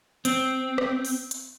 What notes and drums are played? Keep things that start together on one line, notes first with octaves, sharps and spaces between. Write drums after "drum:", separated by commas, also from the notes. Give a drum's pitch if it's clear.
C4, drum: hi-hat
drum: rim click
drum: open hi-hat
drum: hi-hat